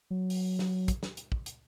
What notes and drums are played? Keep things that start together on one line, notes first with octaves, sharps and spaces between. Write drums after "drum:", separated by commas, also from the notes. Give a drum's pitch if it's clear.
F#3
drum: open hi-hat
drum: snare
drum: kick, hi-hat
drum: snare
drum: hi-hat
drum: kick
drum: hi-hat